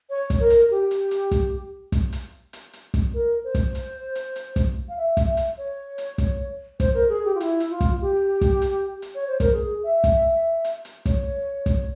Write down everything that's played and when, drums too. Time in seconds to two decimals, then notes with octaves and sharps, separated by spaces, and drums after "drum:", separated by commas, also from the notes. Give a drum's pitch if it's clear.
0.10 C#5
0.30 drum: kick, hi-hat
0.40 A#4
0.50 drum: hi-hat
0.71 G4
0.91 drum: hi-hat
1.11 drum: hi-hat
1.31 drum: kick, hi-hat
1.92 drum: kick, hi-hat
2.13 drum: hi-hat
2.53 drum: hi-hat
2.73 drum: hi-hat
2.94 drum: kick, hi-hat
3.14 A#4
3.44 C5
3.55 drum: kick, hi-hat
3.75 drum: hi-hat
4.15 drum: hi-hat
4.36 drum: hi-hat
4.56 drum: kick, hi-hat
4.89 F5
4.97 E5
5.17 drum: kick, hi-hat
5.26 E5
5.37 drum: hi-hat
5.58 C#5
5.98 drum: hi-hat
6.18 drum: kick, hi-hat
6.80 C5, drum: kick, hi-hat
6.94 A#4
7.09 G#4
7.25 G4
7.35 F4
7.40 E4, drum: hi-hat
7.60 drum: hi-hat
7.70 F4
7.81 drum: kick, hi-hat
8.01 G4
8.41 drum: kick, hi-hat
8.62 drum: hi-hat
9.02 drum: hi-hat
9.15 C#5
9.28 C5
9.40 A#4, drum: kick, hi-hat
9.53 G#4
9.84 E5
10.04 drum: kick, hi-hat
10.65 drum: hi-hat
10.85 drum: hi-hat
11.06 C#5, drum: kick, hi-hat
11.66 drum: kick, hi-hat